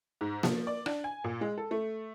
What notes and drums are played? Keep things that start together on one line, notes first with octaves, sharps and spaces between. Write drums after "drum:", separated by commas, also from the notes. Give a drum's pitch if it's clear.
G#2
F3, drum: snare A#3
D5
D4, drum: rim click
G#5
A#2
G#3
A4
A3